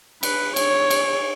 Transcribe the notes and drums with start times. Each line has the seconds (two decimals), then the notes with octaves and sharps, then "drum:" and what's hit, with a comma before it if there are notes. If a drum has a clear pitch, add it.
0.23 B4, drum: cymbal
0.56 C#5, drum: cymbal
0.90 drum: cymbal